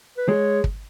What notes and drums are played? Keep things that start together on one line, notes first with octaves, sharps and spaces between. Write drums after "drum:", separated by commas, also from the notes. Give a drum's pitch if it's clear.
B4
G#3 C#5
drum: kick